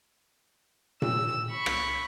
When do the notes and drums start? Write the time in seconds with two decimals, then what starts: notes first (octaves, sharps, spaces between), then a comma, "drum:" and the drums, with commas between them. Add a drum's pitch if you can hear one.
1.02 E6, drum: tom A#2
1.51 B5 C#6
1.66 drum: rim click